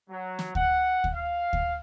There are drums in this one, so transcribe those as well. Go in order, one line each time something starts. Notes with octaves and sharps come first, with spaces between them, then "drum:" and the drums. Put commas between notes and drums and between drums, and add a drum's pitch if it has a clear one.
F#3
drum: snare
F#5, drum: kick D2
drum: kick D2
F5
drum: kick D2